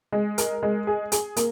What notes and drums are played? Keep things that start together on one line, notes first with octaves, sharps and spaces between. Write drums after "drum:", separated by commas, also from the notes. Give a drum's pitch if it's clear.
G#3
A#4, drum: hi-hat
G#3
G#4
G#4, drum: hi-hat
A#3, drum: hi-hat